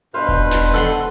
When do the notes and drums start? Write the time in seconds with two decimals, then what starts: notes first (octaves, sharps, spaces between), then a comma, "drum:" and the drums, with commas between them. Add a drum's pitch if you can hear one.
0.14 G2 B2 B4 C5 F5
0.28 drum: kick E1
0.51 drum: snare
0.74 A4 F#5 C6